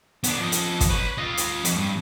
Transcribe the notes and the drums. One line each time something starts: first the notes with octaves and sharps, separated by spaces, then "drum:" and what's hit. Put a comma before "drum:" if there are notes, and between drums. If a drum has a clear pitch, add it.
B3 D4, drum: hi-hat
F3 D#5
drum: hi-hat
drum: kick, hi-hat
B4 C#5
F4 D#5
drum: hi-hat
F2, drum: hi-hat
G2